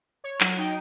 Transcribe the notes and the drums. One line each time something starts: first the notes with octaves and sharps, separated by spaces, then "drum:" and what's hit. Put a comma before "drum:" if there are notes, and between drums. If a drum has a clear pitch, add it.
C#5
F#3, drum: clap
D#4 G5